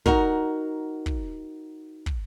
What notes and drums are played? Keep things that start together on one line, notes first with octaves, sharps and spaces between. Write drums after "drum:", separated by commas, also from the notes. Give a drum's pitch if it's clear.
D#4 F#4 A#4, drum: kick
drum: kick
drum: kick